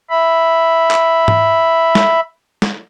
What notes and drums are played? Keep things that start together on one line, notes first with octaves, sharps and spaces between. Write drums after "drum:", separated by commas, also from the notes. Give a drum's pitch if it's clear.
E5 B5
drum: clap
drum: tom G#2
drum: snare
drum: snare